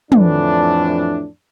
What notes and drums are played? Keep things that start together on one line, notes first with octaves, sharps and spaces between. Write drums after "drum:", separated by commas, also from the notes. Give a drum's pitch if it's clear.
F2 A2 E3 D4, drum: tom